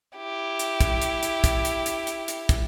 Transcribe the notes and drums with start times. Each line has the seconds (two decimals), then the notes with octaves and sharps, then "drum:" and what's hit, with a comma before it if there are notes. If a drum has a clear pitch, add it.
0.17 E4 G4
0.59 drum: hi-hat
0.81 drum: kick, hi-hat
1.02 drum: hi-hat
1.23 drum: hi-hat
1.44 drum: kick, hi-hat
1.65 drum: hi-hat
1.86 drum: hi-hat
2.07 drum: hi-hat
2.28 drum: hi-hat
2.49 drum: kick, hi-hat